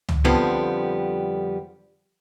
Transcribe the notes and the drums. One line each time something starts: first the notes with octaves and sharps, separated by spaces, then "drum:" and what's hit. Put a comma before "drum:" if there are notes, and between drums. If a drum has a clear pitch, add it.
drum: tom C#2
F2 D3 F3 G3 B3